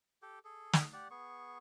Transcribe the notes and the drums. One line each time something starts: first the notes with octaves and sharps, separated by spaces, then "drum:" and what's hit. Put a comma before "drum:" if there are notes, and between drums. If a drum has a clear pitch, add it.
G4 A4 G5
G#4 A4
drum: snare
G4 D5 F#5
B3 G#4 C#6